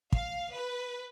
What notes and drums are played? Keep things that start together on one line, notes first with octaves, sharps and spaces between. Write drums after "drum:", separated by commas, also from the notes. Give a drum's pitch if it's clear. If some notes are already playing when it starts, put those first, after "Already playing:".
F5, drum: kick
B4